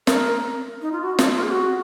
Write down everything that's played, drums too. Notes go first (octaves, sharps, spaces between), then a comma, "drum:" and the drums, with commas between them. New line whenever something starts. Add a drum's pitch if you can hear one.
A#4, drum: snare
D#4
F4
F#4
F4, drum: snare
F4
G#4
F#4